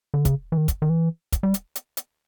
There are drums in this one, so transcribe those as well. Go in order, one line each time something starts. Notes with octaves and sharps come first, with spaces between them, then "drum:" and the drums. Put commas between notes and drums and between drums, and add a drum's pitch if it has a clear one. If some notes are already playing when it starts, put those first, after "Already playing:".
D3
C#3, drum: kick, hi-hat
E3
D#3
drum: kick, hi-hat
D#3
E3
drum: kick, hi-hat
G3
drum: hi-hat
drum: hi-hat
drum: hi-hat